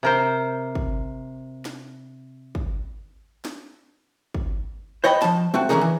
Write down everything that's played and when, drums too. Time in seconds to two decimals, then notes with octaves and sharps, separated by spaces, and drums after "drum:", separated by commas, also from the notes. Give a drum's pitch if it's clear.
0.03 C3 A#4 C5
0.75 drum: kick
1.65 drum: snare
2.55 drum: kick
3.45 drum: snare
4.35 drum: kick
5.04 C5 C#5 D#5 G5 B5
5.22 F3 A5, drum: snare
5.54 A3 C4 F#4
5.69 D3 E3 C#4 D#4 G#4 A#4
5.81 E3